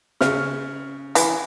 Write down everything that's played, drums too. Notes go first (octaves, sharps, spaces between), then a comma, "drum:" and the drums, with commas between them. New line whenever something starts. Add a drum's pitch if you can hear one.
C#3 F6, drum: snare
E3, drum: hi-hat